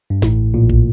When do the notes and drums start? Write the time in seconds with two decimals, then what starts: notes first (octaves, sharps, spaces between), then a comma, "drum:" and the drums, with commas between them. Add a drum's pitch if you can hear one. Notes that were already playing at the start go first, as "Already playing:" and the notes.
0.10 G2
0.22 A1 A2, drum: snare
0.54 A#1 A#2
0.70 drum: kick